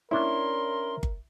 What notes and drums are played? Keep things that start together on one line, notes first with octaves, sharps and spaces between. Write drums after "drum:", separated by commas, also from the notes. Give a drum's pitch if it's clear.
C#4 D4 E4 A#4 C6
drum: kick G1